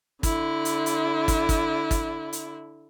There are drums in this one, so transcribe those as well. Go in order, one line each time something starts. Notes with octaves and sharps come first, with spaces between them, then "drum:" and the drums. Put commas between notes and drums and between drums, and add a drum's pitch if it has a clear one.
D3 E4, drum: kick, hi-hat
drum: hi-hat
drum: hi-hat
drum: kick, hi-hat
drum: kick, hi-hat
drum: kick, hi-hat
drum: hi-hat